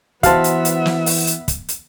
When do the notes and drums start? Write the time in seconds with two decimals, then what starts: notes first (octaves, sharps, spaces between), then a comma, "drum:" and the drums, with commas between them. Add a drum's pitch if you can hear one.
0.23 E3 B3 F#4 C5 E5 F5 A5, drum: kick, hi-hat
0.44 drum: hi-hat
0.65 drum: hi-hat
0.86 drum: snare
1.06 drum: open hi-hat
1.27 drum: hi-hat
1.48 drum: kick, hi-hat
1.69 drum: hi-hat